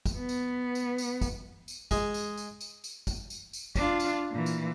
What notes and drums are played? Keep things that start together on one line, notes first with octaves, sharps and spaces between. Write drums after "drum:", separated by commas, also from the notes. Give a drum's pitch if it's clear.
drum: kick, tambourine
B3
drum: tambourine
drum: tambourine
drum: tambourine
drum: kick, tambourine
drum: tambourine
G#3, drum: kick, tambourine
drum: tambourine
drum: tambourine
drum: tambourine
drum: tambourine
drum: kick, tambourine
drum: tambourine
drum: tambourine
D4 F4, drum: kick, tambourine
drum: tambourine
A#2 E3
drum: tambourine